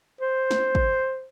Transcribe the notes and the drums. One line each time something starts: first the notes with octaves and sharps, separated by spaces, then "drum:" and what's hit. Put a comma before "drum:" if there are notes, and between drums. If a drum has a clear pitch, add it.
C5
drum: snare
drum: kick